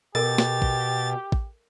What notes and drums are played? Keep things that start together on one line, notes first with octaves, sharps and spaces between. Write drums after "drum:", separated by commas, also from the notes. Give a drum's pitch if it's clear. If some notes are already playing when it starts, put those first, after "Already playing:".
B2 G4 A4 A#4 A6
drum: snare
drum: kick
drum: kick